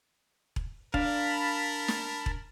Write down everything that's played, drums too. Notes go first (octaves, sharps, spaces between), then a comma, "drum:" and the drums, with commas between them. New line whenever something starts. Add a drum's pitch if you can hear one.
drum: kick E1
D4 A#4 F5 A5 B5, drum: kick E1
drum: snare
drum: kick E1